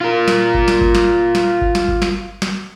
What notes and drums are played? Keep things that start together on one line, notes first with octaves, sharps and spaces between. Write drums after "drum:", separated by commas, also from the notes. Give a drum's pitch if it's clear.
F4 A#4
drum: snare
drum: kick G1
drum: snare
drum: kick G1
drum: snare
drum: snare
drum: kick G1
drum: snare
drum: kick G1
drum: snare
drum: snare